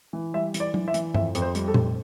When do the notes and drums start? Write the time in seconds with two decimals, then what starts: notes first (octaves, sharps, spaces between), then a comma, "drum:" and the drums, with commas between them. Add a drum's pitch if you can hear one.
0.13 E3
0.34 G3 E5
0.54 E3, drum: hi-hat
0.60 D5
0.74 E3, drum: tom F#3
0.88 E5
0.94 E3, drum: hi-hat
1.14 F2 E5, drum: tom G2
1.35 F2, drum: hi-hat
1.42 C5
1.55 G3, drum: hi-hat
1.68 A4
1.74 F1, drum: tom A#2